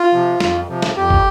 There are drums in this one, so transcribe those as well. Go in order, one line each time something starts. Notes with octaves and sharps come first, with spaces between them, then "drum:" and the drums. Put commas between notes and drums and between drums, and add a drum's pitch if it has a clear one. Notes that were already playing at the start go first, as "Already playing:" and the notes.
Already playing: F4
C3 F3
F2, drum: snare
C3 F3
drum: snare
F2 G4
drum: kick